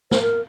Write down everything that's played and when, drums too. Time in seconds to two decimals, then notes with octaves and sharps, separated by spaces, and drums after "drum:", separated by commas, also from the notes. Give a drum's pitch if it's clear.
0.11 C5, drum: snare
0.22 A#4